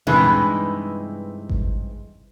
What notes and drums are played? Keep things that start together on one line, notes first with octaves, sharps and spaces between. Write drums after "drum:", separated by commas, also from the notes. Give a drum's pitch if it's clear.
G2 C3 E3 G#3 D#4, drum: tom A#2
drum: kick G#1